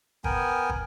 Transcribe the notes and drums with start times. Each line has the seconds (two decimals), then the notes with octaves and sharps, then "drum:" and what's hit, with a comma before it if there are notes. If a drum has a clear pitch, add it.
0.24 B3 A#4 G5 G#5, drum: kick
0.69 drum: kick